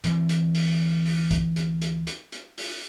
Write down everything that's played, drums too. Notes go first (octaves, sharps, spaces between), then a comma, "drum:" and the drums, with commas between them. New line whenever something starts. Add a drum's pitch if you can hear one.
D2 E3 C4, drum: hi-hat
drum: hi-hat
drum: open hi-hat
drum: open hi-hat
drum: kick, hi-hat
drum: hi-hat
drum: hi-hat
drum: hi-hat
drum: hi-hat
drum: open hi-hat